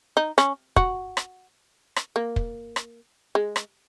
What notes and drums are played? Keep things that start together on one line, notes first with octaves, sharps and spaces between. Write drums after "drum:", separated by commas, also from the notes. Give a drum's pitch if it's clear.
D#4
C#4, drum: rim click
F#4, drum: kick
drum: rim click
drum: rim click
A#3
drum: kick
drum: rim click
G#3
drum: rim click